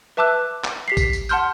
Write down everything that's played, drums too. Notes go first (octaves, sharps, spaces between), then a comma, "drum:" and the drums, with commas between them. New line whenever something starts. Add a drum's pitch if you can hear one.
B4 E5 A5 D6 E6 F#6
drum: clap
G4 B6 C7
drum: kick A1, tambourine
drum: tambourine
F#5 A5 C6 F6 G6, drum: tambourine